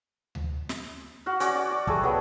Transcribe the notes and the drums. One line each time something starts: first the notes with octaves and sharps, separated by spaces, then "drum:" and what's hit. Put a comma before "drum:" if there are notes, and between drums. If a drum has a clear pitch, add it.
drum: tom D2
drum: snare
F#4 F5
C#4 F#4 D5 D6, drum: hi-hat
D5
D6
G3 A3 G#4 A4, drum: kick
F#3 B3